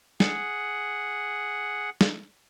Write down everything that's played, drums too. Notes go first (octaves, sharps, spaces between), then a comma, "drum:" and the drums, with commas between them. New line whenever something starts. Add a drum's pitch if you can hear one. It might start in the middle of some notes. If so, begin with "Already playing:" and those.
G#4 F#5, drum: snare
drum: snare